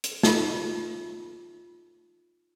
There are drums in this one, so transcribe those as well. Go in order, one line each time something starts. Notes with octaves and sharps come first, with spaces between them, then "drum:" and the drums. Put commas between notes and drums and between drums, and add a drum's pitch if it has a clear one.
drum: hi-hat
D#4 F4, drum: snare